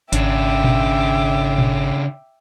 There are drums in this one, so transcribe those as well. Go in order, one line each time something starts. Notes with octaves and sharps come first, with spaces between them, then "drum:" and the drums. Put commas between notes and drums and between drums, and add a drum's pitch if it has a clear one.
G#1 C#3 D4 E5 G5 D6, drum: hi-hat
drum: tom A#2
drum: tom A#2